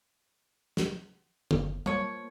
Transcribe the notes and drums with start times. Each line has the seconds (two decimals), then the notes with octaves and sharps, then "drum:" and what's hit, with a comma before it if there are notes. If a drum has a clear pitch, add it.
0.77 drum: snare
1.51 F#1, drum: tom
1.86 F3 A#3 C#5, drum: tom